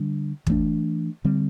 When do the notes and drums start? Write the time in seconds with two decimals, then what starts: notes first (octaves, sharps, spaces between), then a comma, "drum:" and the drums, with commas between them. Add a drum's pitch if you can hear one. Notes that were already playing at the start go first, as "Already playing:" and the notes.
Already playing: D3 G3 D4
0.47 E3 A3 D4, drum: kick
1.24 D3 G3 C4